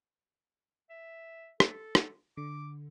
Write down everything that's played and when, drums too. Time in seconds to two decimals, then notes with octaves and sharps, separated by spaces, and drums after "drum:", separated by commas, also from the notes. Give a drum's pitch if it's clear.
0.90 E5
1.60 A4, drum: rim click
1.95 drum: rim click
2.37 D3 D6